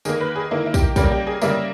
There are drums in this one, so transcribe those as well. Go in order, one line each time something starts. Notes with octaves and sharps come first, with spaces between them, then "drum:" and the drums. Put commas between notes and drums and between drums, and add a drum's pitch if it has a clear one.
D#3 A#3 G#4, drum: tambourine
B4
G#4
D#3 A#3 E4
E4
G4, drum: kick, tambourine
C#3 G3 A#3 G4, drum: kick, tambourine
G4
G#4
C#3 G3 A#3 E5, drum: tambourine